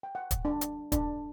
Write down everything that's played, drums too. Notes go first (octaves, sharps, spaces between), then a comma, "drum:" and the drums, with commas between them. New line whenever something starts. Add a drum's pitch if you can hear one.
G5
F#5
drum: kick, hi-hat
D4
drum: hi-hat
D4, drum: kick, hi-hat